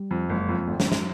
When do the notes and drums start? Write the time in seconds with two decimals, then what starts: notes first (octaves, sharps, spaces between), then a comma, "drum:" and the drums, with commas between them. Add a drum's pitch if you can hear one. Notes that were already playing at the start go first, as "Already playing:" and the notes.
Already playing: G3
0.11 F2
0.29 F#1 G#3
0.49 F2
0.67 G#1 A3
0.80 A3, drum: snare
0.86 F#2
0.92 G#3, drum: snare